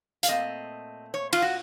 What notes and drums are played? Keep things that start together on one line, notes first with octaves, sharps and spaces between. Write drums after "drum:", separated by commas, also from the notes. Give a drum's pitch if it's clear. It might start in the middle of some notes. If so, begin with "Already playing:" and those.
F5, drum: hi-hat
A#2 A3 C4 D#5
C#5
F4, drum: cymbal
F#4